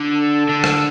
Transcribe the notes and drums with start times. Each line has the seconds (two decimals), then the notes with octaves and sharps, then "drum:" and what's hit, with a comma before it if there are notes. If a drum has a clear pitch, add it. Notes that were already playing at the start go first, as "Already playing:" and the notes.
Already playing: D3
0.15 A4
0.49 D3
0.64 drum: rim click